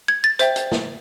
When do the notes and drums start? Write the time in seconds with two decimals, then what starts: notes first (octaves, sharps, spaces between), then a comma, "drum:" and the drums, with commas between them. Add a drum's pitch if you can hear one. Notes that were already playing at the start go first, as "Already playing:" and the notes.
0.08 G#6
0.24 A6
0.39 C5 E5 G5, drum: hi-hat
0.56 drum: hi-hat
0.72 drum: snare